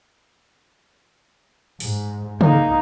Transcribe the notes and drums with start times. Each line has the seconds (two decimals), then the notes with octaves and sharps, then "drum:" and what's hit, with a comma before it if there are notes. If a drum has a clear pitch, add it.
1.80 G#2, drum: open hi-hat
2.41 A#3 D#4, drum: tom C#3